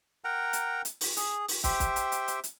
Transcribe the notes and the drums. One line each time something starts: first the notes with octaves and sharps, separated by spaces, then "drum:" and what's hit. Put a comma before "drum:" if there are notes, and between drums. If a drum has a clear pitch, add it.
A#4 F#5 G5 A#5
drum: hi-hat
drum: hi-hat
drum: open hi-hat
G#4, drum: hi-hat
drum: open hi-hat
G4 C5 E5 G5, drum: kick, hi-hat
drum: kick, hi-hat
drum: hi-hat
drum: hi-hat
drum: hi-hat
drum: hi-hat